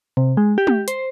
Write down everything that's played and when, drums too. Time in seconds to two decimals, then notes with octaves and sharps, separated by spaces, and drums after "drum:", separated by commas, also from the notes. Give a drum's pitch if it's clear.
0.17 C3
0.37 G#3
0.58 G4
0.67 drum: tom G#3
0.88 C5, drum: hi-hat